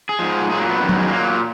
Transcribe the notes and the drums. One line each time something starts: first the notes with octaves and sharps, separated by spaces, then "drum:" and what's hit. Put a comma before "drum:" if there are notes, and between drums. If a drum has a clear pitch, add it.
G#4
G#2 F3
A#2 F#3 G#4
A#3
B3
F#2 D#3 F#3
drum: tom F#3
G#3
A#2 F#3 A#3